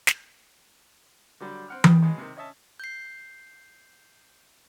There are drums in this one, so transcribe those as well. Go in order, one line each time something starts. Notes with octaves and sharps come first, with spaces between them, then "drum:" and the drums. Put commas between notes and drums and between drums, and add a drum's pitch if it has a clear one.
drum: snare
D3 F#3 G3 D4
C4 F#5 F6
G5 B5 D#6, drum: tom E3
B2 F#3 G#3
C3 D#3
C#4 D#5 E5 A5
G6 C7